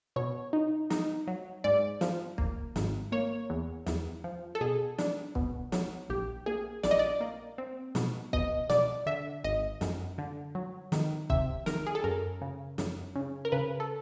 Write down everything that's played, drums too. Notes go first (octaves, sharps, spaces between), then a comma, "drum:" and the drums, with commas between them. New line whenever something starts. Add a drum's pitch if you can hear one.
B2 C#5
D#4
D#4, drum: snare
F#3
G#2 D5
F3, drum: snare
A#3, drum: kick
G#1, drum: snare
A#3 C#5
E2
E2, drum: snare
F3
A4
B2 G#4
D4, drum: snare
B2, drum: kick
F#3, drum: snare
A#1 G4
A#3 G#4
A#1 D5, drum: snare
D#5
D5
A#3
C4
B2, drum: snare
B2 D#5, drum: kick
B2 D5, drum: snare
D3 E5
G#1 D#5
F#2, drum: snare
D3
F#3
D#3, drum: snare
C3 E5, drum: kick
D#3 A#4, drum: snare
G#4
A4
F#2 A#4
C#3
F#2, drum: snare
C#3
A#4
C#3 B4
A4